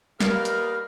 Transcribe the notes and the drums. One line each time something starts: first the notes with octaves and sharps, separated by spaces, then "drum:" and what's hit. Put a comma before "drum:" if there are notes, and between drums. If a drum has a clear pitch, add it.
G3 A#3 B3 A#4 D#5 F5, drum: snare
drum: hi-hat